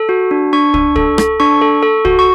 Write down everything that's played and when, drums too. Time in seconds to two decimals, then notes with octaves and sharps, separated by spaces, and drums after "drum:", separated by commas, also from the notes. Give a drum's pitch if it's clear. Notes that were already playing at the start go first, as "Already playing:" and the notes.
Already playing: A4
0.09 F#4
0.31 D4
0.53 D4 C#6
0.74 D4, drum: kick
0.96 A4, drum: kick
1.18 A4, drum: rim click
1.40 D4 C#6
1.62 A4
1.83 A4
2.05 F#4, drum: kick
2.19 C#6